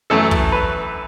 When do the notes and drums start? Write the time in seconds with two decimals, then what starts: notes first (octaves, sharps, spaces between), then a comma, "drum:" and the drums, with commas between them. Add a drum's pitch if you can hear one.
0.10 F#2 E3 A3 A4
0.31 drum: kick
0.52 B4